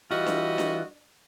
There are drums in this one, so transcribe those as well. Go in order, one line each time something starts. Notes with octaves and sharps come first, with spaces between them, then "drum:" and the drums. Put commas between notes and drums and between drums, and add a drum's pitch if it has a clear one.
E3 G3 F4 F#4 D#5
drum: snare D4
drum: snare D4